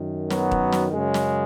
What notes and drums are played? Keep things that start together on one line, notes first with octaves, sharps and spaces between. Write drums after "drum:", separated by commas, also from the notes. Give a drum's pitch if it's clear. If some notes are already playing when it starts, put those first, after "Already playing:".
Already playing: F#2 D#3
F#3 B3, drum: snare
drum: kick D#1
drum: snare
F#2 C#3 G#3
drum: snare